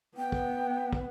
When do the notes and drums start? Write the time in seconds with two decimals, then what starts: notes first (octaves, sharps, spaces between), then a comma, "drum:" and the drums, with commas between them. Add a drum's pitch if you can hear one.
0.17 B3 G5
0.32 drum: kick
0.93 drum: kick